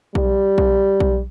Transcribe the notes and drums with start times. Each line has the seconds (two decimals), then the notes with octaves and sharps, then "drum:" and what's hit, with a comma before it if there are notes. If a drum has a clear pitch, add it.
0.15 G3, drum: kick B1
0.58 drum: kick B1
1.00 drum: kick B1